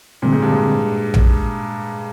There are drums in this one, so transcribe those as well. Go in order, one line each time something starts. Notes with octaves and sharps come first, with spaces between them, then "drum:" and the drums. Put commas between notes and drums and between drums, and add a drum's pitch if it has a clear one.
A#2 D3 G3 C4
G#2
G2
G#2
drum: tom A#1